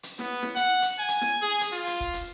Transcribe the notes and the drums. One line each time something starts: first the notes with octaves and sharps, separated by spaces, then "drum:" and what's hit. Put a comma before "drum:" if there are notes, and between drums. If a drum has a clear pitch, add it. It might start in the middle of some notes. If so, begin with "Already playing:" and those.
drum: hi-hat
B3, drum: snare E4
drum: snare E4
F#5, drum: hi-hat
drum: hi-hat
G#5
drum: hi-hat
drum: snare E4
G#4
drum: hi-hat
F4
drum: hi-hat
drum: kick
drum: hi-hat